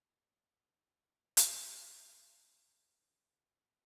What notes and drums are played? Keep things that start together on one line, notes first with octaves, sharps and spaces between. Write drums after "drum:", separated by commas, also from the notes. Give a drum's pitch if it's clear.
E4
D#4
C#4
drum: hi-hat
B3